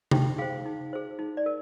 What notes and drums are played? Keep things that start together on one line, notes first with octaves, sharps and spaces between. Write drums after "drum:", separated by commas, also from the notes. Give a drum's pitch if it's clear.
D#4 G5, drum: tom C3
G#4 C5 F5
D#4
G#4 C5
D#4
D5
A#4